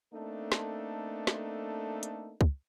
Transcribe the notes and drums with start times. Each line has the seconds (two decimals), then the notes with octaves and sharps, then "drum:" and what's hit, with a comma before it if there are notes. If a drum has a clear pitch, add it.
0.14 A3 A#3 C4 D4 D#4 A4
0.52 drum: snare
1.27 drum: snare
2.03 drum: hi-hat
2.41 drum: kick